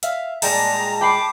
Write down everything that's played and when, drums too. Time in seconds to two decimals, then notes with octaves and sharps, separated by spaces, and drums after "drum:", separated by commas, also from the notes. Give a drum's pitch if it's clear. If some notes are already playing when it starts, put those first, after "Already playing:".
0.03 E5 F5, drum: hi-hat
0.42 A#2 G3 G#3 A5 A#5, drum: cymbal
1.01 G5 B5 D6 C7